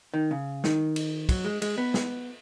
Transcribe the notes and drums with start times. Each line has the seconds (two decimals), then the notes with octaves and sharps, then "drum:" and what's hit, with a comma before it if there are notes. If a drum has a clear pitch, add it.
0.14 D#3
0.31 C#3
0.64 D#3, drum: snare
0.96 drum: cymbal
1.29 F#3, drum: kick, cymbal
1.45 G#3
1.62 G#3, drum: cymbal
1.78 B3
1.94 drum: snare